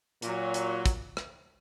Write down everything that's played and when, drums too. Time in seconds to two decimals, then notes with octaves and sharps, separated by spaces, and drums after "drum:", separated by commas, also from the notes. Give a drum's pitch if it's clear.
0.22 A#2 F#3, drum: hi-hat
0.54 drum: hi-hat
0.86 drum: kick, hi-hat
1.17 drum: rim click